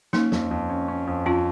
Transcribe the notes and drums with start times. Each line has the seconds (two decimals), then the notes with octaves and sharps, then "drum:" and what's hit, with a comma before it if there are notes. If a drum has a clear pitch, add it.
0.13 A#3 C#4 D#4, drum: snare
0.32 F2, drum: snare
0.51 F2
0.70 C#4
0.88 C#4
1.07 F2
1.26 F2 C#4 F4